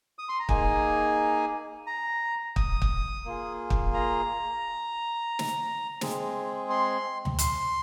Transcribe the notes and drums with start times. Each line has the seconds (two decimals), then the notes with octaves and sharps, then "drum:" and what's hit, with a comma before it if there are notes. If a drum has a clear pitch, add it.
0.19 D#6
0.29 C6
0.39 A#5
0.49 A#3 D#4 G#4 G#5, drum: kick
1.87 A#5
2.56 D#6, drum: kick
2.82 drum: kick
3.25 A#3 F4 G#4
3.70 drum: kick
3.94 A#5
5.39 drum: snare
6.01 G#3 C4 G#4, drum: snare
6.70 C6
7.25 drum: tom D2
7.39 C6, drum: hi-hat